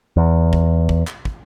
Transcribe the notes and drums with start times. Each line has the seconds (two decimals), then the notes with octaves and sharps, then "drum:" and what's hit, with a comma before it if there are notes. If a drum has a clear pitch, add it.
0.17 E2
0.53 drum: kick
0.89 drum: kick
1.07 drum: clap
1.25 drum: kick